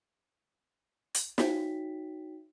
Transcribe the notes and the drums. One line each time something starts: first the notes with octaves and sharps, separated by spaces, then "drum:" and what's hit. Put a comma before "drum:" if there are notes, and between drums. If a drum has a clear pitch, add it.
drum: hi-hat
D#4 F#4 C#5 E5 G5 B6, drum: snare